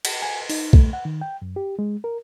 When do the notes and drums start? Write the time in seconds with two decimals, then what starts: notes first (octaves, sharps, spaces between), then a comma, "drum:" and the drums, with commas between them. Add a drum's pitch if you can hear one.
0.05 drum: cymbal
0.22 G#5
0.50 D#4, drum: open hi-hat
0.73 A3, drum: kick B1
0.93 F#5
1.05 D#3
1.21 G5
1.42 F#2
1.56 G4
1.79 G#3
2.04 A#4